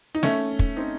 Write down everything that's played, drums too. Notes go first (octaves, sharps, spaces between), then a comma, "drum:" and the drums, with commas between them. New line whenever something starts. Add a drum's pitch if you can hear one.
D#4
A3 C#4, drum: snare
drum: kick
C4 D#4